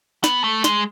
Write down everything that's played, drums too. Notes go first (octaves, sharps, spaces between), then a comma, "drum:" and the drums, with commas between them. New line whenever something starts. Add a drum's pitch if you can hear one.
B3, drum: snare
A3
G#3, drum: snare